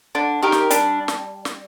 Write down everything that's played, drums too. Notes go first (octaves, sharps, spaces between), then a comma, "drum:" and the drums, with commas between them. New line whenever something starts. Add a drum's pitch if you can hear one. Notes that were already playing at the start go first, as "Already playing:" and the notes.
D3 D4
D#3 G4 A#4
drum: snare
G3 D4, drum: hi-hat
drum: snare
drum: snare